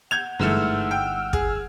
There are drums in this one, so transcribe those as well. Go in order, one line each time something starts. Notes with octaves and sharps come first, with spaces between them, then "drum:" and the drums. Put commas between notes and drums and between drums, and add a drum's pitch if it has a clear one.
F#5 G6 G#6 F7
G1 G#2 E3 A3 E6 F6
G5
G#4, drum: kick